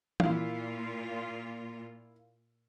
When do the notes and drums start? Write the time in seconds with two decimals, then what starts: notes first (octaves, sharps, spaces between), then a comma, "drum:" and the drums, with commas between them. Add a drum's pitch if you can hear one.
0.20 A#2 E4 F4 F5, drum: tom E3